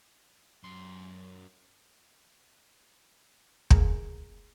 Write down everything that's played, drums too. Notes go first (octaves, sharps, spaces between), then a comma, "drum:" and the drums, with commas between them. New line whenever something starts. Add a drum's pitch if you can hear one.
F#2 C6
A#3 G#4 A#5, drum: kick